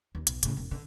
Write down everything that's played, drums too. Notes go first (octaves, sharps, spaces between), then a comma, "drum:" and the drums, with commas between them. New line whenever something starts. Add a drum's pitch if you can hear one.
D#2
B1, drum: hi-hat
A2 C#3, drum: hi-hat
E1
D3